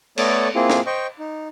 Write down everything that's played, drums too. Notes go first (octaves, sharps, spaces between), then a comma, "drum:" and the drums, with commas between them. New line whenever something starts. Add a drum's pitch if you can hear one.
A3 B3 A4 C#5 D5, drum: cymbal
A#3 C4 E4 F4 G#4
drum: snare
C5 D#5 G5 C#6
D#4